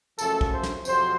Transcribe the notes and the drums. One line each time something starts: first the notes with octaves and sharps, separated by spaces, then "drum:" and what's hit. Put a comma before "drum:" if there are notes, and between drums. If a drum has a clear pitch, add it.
F#2 C#3 F3 A3 A4, drum: tambourine
drum: kick
C5
drum: snare
F2 C3 F#3 C5, drum: tambourine